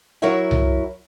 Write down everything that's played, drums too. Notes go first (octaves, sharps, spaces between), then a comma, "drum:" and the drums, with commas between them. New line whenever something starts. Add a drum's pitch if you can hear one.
F#3 E4 A#4 C#5 E5 F#5
drum: tom C2